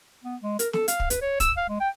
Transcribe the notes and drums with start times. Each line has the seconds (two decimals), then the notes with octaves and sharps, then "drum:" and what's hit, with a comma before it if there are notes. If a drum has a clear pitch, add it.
0.24 B3
0.43 G#3
0.59 A#4, drum: hi-hat
0.73 A4, drum: snare
0.88 F5, drum: hi-hat
1.00 drum: kick
1.10 B4, drum: hi-hat
1.22 C#5
1.40 E6, drum: kick, hi-hat
1.57 F5
1.69 G#3
1.80 G5